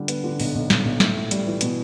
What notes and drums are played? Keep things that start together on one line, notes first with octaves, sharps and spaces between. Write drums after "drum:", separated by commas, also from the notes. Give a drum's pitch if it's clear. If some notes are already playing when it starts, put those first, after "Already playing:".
Already playing: D3 G3
B3, drum: hi-hat
D3
B1, drum: open hi-hat
B1
B1, drum: snare
B1
A2, drum: snare
A2
G3, drum: hi-hat
E3
B2, drum: hi-hat